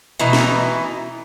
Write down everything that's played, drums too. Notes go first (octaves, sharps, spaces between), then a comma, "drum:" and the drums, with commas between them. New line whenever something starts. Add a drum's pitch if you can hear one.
B2 E3 D#4, drum: hi-hat
drum: snare